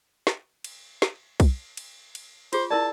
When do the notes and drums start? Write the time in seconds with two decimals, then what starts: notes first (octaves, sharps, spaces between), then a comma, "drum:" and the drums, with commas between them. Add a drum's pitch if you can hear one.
0.27 drum: snare
0.64 drum: cymbal
1.02 drum: snare
1.40 drum: kick, cymbal
1.77 drum: cymbal
2.15 drum: cymbal
2.53 F4 G#4 C5, drum: cymbal
2.71 E4 A#4 D5 A5